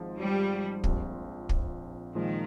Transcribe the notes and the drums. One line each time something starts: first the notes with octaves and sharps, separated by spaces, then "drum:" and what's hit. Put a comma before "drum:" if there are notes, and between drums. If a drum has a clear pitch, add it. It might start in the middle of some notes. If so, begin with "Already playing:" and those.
Already playing: G#1 G#2 F3
G3
A#1 A#2 F3 C4, drum: kick
drum: kick
A#2 D#3 F3 G#3